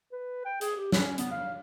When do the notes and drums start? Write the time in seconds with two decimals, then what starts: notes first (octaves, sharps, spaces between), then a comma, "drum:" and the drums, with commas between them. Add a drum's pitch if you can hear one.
0.12 B4
0.45 G5
0.61 G#4, drum: hi-hat
0.77 G4
0.92 C#4, drum: snare
1.18 B3, drum: hi-hat
1.31 F5